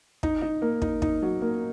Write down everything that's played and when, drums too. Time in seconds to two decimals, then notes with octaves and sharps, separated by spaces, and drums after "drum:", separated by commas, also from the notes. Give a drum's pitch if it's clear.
0.23 D#4, drum: kick
0.42 D#4
0.62 A#3
0.82 D#4, drum: kick
1.02 D#4, drum: kick
1.22 F#3
1.42 A#3